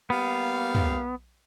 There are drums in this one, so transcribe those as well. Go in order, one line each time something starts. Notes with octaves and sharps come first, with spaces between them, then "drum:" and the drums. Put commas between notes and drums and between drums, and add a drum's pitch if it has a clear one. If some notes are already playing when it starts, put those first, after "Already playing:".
G3 A#3 B3 F5
drum: tom